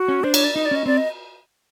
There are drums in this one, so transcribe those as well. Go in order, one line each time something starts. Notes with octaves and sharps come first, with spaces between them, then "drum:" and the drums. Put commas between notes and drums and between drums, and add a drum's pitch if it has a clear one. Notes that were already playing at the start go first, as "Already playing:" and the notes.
Already playing: F#4
C#4
D4 C5
C#5, drum: cymbal
D5
D#4 D#5
D5
C#4 D#5
C4 D5
D#5